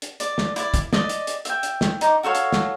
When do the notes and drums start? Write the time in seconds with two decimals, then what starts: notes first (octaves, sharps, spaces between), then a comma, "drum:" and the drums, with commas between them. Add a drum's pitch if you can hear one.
0.02 drum: hi-hat
0.20 D5, drum: hi-hat
0.38 drum: snare
0.56 E4 D5, drum: hi-hat
0.74 drum: kick, hi-hat
0.93 D5 D#5, drum: snare
1.09 drum: hi-hat
1.27 drum: hi-hat
1.45 E5 G5, drum: hi-hat
1.63 drum: hi-hat
1.81 drum: snare
2.01 D#4 D6, drum: hi-hat
2.23 F#4 A4 C#5 F5
2.35 drum: hi-hat
2.53 drum: snare